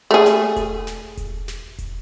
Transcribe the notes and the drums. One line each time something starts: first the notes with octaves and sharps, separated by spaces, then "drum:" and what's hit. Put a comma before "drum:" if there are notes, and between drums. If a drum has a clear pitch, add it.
A3 G#4
drum: snare
drum: kick E1, hi-hat
drum: snare
drum: kick E1, hi-hat
drum: snare
drum: kick E1, hi-hat